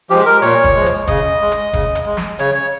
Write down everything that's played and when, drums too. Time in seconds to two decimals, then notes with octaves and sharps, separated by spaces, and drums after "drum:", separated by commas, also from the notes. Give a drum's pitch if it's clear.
0.10 F3 G#3 G4
0.26 A#4
0.42 A#2 C#5, drum: hi-hat
0.64 drum: kick, hi-hat
0.75 F3 G#3
0.86 drum: hi-hat
1.07 C#3 D#5, drum: kick, hi-hat
1.41 G#3
1.52 drum: hi-hat
1.73 C#3, drum: kick, hi-hat
1.95 drum: hi-hat
2.06 G#3
2.17 drum: snare
2.39 C#3 C#5, drum: hi-hat
2.55 C#5